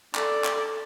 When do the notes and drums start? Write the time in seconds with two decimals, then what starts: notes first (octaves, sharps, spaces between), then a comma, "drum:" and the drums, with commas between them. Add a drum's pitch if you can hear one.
0.15 A4 D5, drum: clap
0.44 drum: clap